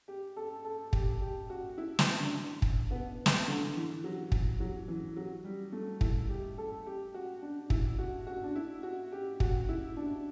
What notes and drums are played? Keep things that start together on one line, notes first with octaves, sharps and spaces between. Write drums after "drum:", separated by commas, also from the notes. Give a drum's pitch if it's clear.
G4
A4
A4
G4, drum: kick
G4
F#4
E4
drum: snare
D4
drum: kick
B3
drum: snare
D3
E3
F#3
drum: kick
F#3
E3
F#3
G3
A3
E4, drum: kick
G4
A4
G4
F#4
D4
E4, drum: kick
F#4
F#4
D4
E4
F#4
G4
F#4, drum: kick
E4
D4